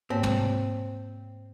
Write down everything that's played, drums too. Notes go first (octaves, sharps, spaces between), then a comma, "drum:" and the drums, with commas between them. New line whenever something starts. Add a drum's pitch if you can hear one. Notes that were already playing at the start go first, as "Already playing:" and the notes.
G#2 A#3 C4 C#5
drum: tom